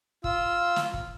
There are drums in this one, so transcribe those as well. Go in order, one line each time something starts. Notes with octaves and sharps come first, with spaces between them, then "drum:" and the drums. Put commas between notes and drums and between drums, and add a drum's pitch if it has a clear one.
F4 E6, drum: kick
drum: snare
drum: kick